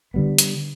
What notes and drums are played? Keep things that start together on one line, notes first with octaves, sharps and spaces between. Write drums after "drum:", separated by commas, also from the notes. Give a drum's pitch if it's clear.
D3 G3 B3
drum: hi-hat